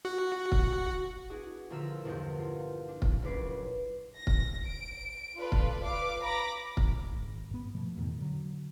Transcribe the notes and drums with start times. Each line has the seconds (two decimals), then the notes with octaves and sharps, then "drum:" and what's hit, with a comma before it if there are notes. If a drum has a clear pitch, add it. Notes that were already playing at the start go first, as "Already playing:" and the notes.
0.05 F#4
0.52 drum: kick
1.30 B3 D4 E4 F#4 G#4
1.70 A#1 D3 F4 A#4 E5 E6
2.05 A#1 E2 G2 A#2 F#5 G6
2.39 F4
2.88 D4
3.02 drum: kick
3.22 F#1 A#2 C#4 B4 D6 C7
4.17 A#6
4.27 drum: kick
4.65 D7
5.36 F4 A4 B4 D5
5.52 drum: kick
5.84 B4 F5 D6
6.22 A#5 B5 D6 A#6
6.77 drum: kick
7.13 G#1
7.51 G2 B3
7.74 B2 F3 A3
7.96 E2 G#2 B2 D#3
8.18 D3 F#3